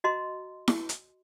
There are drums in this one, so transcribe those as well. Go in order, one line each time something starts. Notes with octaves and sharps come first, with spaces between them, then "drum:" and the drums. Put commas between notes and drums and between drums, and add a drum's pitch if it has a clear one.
F#4 D#5 A#5 C6
drum: snare E4
drum: hi-hat